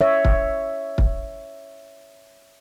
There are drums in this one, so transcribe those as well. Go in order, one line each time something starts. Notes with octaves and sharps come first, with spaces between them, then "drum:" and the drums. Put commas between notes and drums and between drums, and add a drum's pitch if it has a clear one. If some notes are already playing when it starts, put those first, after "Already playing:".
C#5 E5
drum: kick
drum: kick